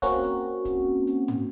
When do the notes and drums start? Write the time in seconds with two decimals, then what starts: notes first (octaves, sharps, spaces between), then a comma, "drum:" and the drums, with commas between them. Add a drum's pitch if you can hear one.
0.02 A#3 C4 C#4 F#4, drum: kick, hi-hat
0.23 drum: hi-hat
0.65 drum: kick, hi-hat
1.07 drum: hi-hat
1.28 drum: tom G#2